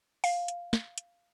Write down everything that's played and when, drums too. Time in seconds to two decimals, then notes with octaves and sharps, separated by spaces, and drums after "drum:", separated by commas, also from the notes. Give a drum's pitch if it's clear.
0.24 F5, drum: open hi-hat
0.48 drum: hi-hat
0.73 drum: snare
0.98 drum: hi-hat